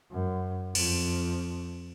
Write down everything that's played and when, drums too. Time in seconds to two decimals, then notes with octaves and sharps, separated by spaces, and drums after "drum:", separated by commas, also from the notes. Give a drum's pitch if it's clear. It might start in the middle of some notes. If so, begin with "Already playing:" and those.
0.12 F#2
0.75 F2, drum: cymbal